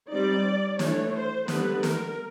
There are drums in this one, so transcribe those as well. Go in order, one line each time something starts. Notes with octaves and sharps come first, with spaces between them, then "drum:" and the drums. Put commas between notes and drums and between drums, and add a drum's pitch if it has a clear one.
G3 C4 D#4 D5
E3 A3 D4 C#5, drum: snare
C5
D3 G3 B3 B4, drum: snare
A#4, drum: snare